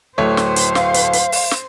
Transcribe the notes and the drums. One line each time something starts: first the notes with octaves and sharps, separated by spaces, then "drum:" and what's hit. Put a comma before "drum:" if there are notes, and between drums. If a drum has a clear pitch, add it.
D1 A3 C5 C#5
drum: snare
drum: hi-hat
F5, drum: snare
drum: hi-hat
drum: hi-hat
drum: open hi-hat
drum: snare